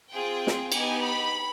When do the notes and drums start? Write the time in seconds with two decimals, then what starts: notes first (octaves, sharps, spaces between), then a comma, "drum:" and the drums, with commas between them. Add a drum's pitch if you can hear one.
0.11 C4 F4 G#4 G5
0.47 drum: snare
0.72 B3 D#4 G4 G#5, drum: cymbal
1.02 B5